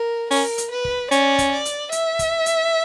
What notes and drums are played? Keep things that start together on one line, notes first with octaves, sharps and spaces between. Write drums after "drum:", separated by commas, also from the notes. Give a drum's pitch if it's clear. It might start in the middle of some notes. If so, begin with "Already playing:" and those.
Already playing: A#4
C#4 A#4, drum: open hi-hat
drum: hi-hat
B4
drum: kick
C#4 D5, drum: hi-hat
drum: kick, hi-hat
D5
drum: hi-hat
E5, drum: hi-hat
drum: kick, hi-hat
drum: hi-hat